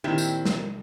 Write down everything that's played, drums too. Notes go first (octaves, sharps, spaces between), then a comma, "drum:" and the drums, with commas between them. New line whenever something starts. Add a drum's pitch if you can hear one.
A#2 D#3 C4 E4 G4
drum: tambourine
drum: snare